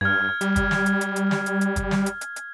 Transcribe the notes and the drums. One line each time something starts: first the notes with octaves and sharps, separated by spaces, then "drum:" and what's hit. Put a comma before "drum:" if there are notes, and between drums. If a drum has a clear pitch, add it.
G2 F6 G#6
G3, drum: hi-hat
drum: kick, hi-hat
drum: snare
drum: hi-hat
drum: hi-hat
drum: hi-hat
drum: snare
drum: hi-hat
drum: hi-hat
drum: kick, hi-hat
drum: snare
drum: hi-hat
drum: hi-hat
drum: hi-hat